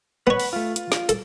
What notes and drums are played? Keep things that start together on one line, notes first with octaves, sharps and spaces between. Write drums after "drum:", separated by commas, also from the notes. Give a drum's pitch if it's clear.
B3 B4 C#5 F#5 B5
drum: open hi-hat
A3 F4
F4, drum: hi-hat
drum: snare
A4, drum: hi-hat